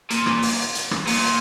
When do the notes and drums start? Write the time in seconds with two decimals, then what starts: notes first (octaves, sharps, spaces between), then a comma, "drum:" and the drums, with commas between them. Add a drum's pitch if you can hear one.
0.10 A#2, drum: hi-hat
0.26 drum: rim click
0.42 drum: open hi-hat
0.75 drum: hi-hat
0.91 drum: rim click
1.07 A#2, drum: open hi-hat